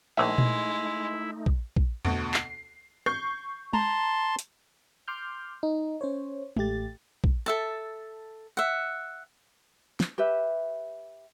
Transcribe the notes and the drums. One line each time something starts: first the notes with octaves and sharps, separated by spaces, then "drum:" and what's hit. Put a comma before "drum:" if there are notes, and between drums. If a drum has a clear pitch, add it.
A#1 G#3 A3 D#4 E4 E5
drum: tom A#2
drum: kick
drum: kick
D2 B2, drum: tom E2
C7, drum: clap
C#6 G6 C7, drum: rim click
A5 A#5 C6, drum: tom G#3
drum: hi-hat
C6 D6 F6 G6
D#4
C#4 C5 C#5
A1 A3 G4 A6, drum: tom G#3
drum: kick
A4 E5 A5
E5 F#5
drum: snare
G4 B4 E5